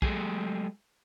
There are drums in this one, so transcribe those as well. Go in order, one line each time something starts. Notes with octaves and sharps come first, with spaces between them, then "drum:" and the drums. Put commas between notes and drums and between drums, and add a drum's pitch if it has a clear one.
F#3 G#3 A3 G4 G#4, drum: kick